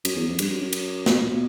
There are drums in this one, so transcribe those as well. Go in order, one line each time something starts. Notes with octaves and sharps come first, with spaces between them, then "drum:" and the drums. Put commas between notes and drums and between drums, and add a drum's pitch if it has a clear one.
F#2, drum: cymbal
E2
F2
G2, drum: cymbal
F#2
F#2
drum: cymbal
B2, drum: snare
A#2
B2